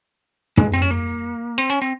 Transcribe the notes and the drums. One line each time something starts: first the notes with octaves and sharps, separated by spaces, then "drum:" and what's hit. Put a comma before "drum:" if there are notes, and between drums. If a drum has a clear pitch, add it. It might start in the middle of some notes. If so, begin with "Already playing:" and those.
G#3, drum: tom
C4
C#4
A#3
C4
C#4
C4